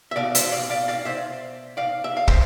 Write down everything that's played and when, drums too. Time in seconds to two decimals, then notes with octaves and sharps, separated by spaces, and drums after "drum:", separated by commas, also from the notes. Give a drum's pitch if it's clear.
0.11 E5
0.16 B2 D5 F5
0.35 C5 E5, drum: hi-hat
0.52 D5 F5
0.70 D5 F5
0.88 D5 F5
1.05 C5 E5
1.77 D5 F5
2.04 E5
2.17 F5
2.28 C5 E5, drum: kick